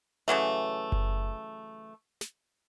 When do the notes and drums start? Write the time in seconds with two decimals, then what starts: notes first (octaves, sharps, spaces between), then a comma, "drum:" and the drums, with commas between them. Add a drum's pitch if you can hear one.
0.28 C#3 E3 F#3 A3
0.92 drum: kick F#1
2.21 drum: snare